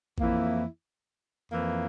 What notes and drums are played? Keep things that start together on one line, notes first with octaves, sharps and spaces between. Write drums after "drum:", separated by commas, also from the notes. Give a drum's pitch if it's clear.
F2 E3 A#3 E4, drum: kick A1
F2 E3 A#3 E4